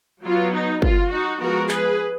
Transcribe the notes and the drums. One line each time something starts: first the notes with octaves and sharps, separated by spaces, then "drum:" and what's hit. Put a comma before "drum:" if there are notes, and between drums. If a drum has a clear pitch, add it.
F#3 B3 F4
D#4
F4, drum: kick
D#4 F#4
F3 G#3 B3 F#4 A#4
G#4 B4, drum: clap